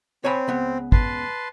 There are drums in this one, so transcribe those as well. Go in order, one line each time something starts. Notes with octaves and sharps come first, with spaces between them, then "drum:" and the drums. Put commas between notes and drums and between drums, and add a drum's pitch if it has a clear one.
C4 C#5 G#5 B5
C#2 B3
B4 A5 C6, drum: kick